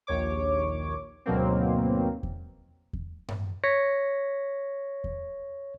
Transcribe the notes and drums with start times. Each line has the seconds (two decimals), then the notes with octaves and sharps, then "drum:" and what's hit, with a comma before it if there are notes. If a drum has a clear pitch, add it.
0.07 A#1 D#2 C#5 D6
1.26 D2 G#2 B2 F#3 A#3 C4
2.23 drum: kick E2
2.93 drum: kick E2
3.28 drum: tom G2
3.64 C#5 C#6 A#6 B6 C#7
5.04 drum: kick E2